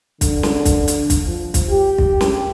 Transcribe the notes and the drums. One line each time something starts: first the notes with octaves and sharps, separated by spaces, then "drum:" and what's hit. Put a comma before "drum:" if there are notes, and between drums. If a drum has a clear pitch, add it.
D3, drum: kick, hi-hat
drum: snare
drum: kick, hi-hat
drum: hi-hat
drum: kick, hi-hat
F3
drum: kick, hi-hat
G4
drum: kick
drum: snare